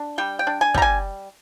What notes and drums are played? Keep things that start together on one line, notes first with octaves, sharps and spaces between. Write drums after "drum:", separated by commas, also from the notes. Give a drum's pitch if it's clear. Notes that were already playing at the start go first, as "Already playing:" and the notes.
Already playing: D4
G3 G5
G5
D4
G#5
G3 A#5, drum: kick
G#5